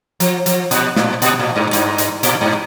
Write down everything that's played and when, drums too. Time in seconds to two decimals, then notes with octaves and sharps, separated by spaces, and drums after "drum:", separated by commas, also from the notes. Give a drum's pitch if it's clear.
0.20 F3, drum: hi-hat
0.46 F3, drum: hi-hat
0.71 A#2, drum: hi-hat
0.96 A2, drum: snare
1.22 A#2, drum: hi-hat
1.39 A2
1.56 G2
1.73 G2, drum: hi-hat
1.98 drum: hi-hat
2.23 A2, drum: hi-hat
2.41 G2